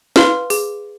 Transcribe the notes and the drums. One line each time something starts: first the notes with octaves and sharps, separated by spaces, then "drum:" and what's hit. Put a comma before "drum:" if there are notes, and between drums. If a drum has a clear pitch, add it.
B4 F5 C6 F6, drum: snare
G#4, drum: open hi-hat